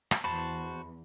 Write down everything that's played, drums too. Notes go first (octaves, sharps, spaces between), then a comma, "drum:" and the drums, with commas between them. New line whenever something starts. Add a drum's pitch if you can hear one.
drum: rim click
E2 F#4 C5 A5 B5